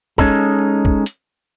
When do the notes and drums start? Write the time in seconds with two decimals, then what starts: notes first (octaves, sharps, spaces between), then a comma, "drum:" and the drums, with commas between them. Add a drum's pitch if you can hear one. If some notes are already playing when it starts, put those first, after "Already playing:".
0.18 G#3 C#4 D#4 A4, drum: kick F1
0.85 drum: kick F1
1.06 drum: hi-hat